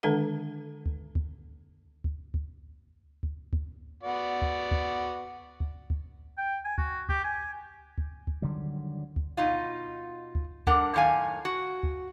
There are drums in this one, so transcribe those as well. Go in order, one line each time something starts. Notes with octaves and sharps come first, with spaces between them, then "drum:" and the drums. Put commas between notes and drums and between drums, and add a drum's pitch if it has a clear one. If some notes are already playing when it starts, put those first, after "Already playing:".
D3 D#3 G#3 D4 A4 F#5
drum: kick D2
drum: kick D2
drum: kick D2
drum: kick D2
drum: kick D2
drum: kick D2
B3 F#4 D5
drum: kick D2
drum: kick D2
drum: kick D2
drum: kick D2
G5
G#5
F#4, drum: kick D2
G4, drum: kick D2
G#5
drum: kick D2
drum: kick D2
D3 D#3 F#3 G3
drum: kick D2
B2 D#4 F4
drum: kick D2
G3 D4 A#4 F#5, drum: kick D2
F#2 A2 D#3 F5 G#5
F#4
drum: kick D2